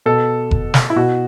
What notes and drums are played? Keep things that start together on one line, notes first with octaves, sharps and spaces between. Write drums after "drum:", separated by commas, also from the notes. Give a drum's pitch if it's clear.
B2 A4
drum: kick F1
drum: snare
E4
B2 F#4